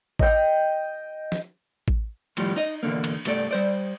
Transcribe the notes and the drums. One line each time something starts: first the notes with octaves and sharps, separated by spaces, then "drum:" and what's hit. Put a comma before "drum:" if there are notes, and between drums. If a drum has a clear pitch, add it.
D#5 G5, drum: kick A1
drum: snare
drum: kick A1
D#2 A2 F3 G3, drum: cymbal
D#4 D#5
E2 G#2 B2 D3 A#3
drum: cymbal
C2 G2 A3 A4 D5, drum: cymbal
G3 C5 D5